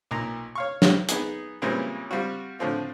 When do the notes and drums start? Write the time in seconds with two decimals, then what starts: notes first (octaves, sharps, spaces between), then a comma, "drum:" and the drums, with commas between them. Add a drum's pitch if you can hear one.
0.11 B1 A#2 A#5
0.55 C#5 F5 C#6
0.82 drum: snare
1.09 B3 D#4 G#4, drum: hi-hat
1.62 A#2 C#3 E3 G3 G#3 C4
2.11 G3 C4 F4 F#4
2.59 A2 D3 F3 C4 F4